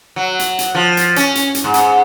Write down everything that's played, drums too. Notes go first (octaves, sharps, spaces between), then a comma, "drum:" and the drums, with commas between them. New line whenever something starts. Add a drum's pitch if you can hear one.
F#3
drum: hi-hat
drum: hi-hat
F3
drum: hi-hat
C#4, drum: hi-hat
drum: hi-hat
drum: hi-hat
G#2
drum: hi-hat